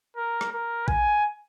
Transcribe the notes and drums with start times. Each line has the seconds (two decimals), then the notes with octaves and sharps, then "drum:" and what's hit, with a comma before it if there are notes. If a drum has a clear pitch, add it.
0.17 A#4
0.41 drum: rim click
0.52 A#4
0.88 G#5, drum: kick A1